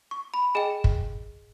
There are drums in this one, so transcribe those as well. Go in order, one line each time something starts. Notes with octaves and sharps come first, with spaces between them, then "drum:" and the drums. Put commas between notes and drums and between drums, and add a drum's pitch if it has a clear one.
C#6
B5
G#4 D#5 G5 G#5
drum: kick